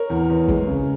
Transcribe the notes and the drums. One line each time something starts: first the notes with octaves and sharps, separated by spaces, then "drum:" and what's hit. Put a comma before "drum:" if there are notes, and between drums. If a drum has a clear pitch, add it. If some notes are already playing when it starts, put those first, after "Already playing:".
Already playing: A#4 C#5
E2
E2
G#3, drum: kick
C#3